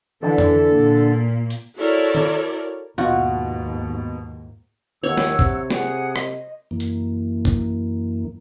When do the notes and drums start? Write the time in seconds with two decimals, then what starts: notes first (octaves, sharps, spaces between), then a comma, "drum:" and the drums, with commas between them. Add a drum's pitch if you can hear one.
0.23 D3 E3 A4
0.38 drum: tom F2
0.71 A#2 A#3
1.50 drum: hi-hat
1.76 E4 F#4 A4 A#4 C#5 D5
2.15 drum: tom
2.98 D#2 G#2 B2 F4 F#4
5.03 D#2 C#5 F#5 E6
5.17 drum: snare
5.39 C3, drum: kick
5.70 G#4 F#5 D#6, drum: snare
6.16 D#5, drum: rim click
6.71 F#2 E3 A#3
6.80 drum: hi-hat
7.45 drum: kick